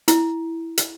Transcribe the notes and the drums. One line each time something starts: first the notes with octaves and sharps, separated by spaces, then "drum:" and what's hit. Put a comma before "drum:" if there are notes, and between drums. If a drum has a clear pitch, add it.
E4, drum: hi-hat
drum: hi-hat